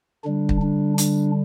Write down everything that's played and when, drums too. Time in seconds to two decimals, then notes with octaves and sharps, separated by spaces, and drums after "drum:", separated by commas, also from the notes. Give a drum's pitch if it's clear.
0.24 D3 G3 D4
0.49 drum: kick
0.62 D4
0.98 D4, drum: hi-hat